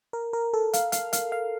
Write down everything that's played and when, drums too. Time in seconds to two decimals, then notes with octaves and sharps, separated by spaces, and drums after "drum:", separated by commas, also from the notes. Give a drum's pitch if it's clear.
0.13 A#4
0.33 A#4
0.54 A4
0.73 F5, drum: hi-hat
0.92 F5, drum: hi-hat
1.13 F5, drum: hi-hat
1.32 F5